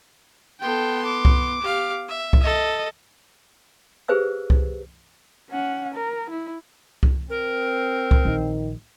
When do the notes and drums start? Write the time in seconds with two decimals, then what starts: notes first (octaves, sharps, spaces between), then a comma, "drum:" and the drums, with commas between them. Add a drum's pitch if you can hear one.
0.61 B3 A4 G5 C6
1.06 D6
1.25 drum: kick C2
1.61 G4 F5
2.09 E5
2.33 drum: kick C2
2.43 A4 D#5
4.08 G4 G#4 B4 C5 F5 E6
4.50 drum: kick C2
5.50 C#4 F#5
5.94 A#4
6.30 E4
7.03 drum: kick C2
7.30 C4 A#4
8.11 drum: kick C2
8.25 A#1 D#3